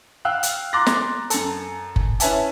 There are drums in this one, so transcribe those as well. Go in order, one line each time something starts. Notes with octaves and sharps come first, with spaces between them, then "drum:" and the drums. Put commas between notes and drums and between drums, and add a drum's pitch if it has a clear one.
F5 G5 E6 F#6
drum: hi-hat
A#5 C6 D6 F#6 A6 A#6
drum: snare
F#2 A4, drum: hi-hat
drum: kick F#1
C#4 E4 B4 E5 G#5 A5, drum: hi-hat